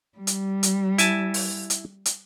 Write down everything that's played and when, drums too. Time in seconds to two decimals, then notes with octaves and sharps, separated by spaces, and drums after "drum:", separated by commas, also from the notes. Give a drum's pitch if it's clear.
0.18 G3
0.27 drum: hi-hat
0.63 drum: hi-hat
0.98 E4 G#5 A5, drum: hi-hat
1.34 drum: open hi-hat
1.70 drum: hi-hat
2.06 drum: hi-hat